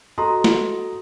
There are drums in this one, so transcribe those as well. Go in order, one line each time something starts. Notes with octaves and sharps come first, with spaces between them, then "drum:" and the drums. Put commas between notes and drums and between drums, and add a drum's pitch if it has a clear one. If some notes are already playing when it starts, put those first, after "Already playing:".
F#4 A4 D#5 A#5 C6 D#6
drum: snare